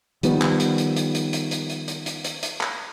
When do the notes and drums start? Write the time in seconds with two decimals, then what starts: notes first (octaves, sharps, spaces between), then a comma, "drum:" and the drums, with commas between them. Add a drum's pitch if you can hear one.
0.23 D#3 F3 G3 B3, drum: hi-hat
0.42 drum: clap
0.60 drum: hi-hat
0.78 drum: hi-hat
0.96 drum: hi-hat
1.15 drum: hi-hat
1.33 drum: hi-hat
1.51 drum: hi-hat
1.70 drum: hi-hat
1.88 drum: hi-hat
2.06 drum: hi-hat
2.24 drum: hi-hat
2.43 drum: hi-hat
2.61 drum: clap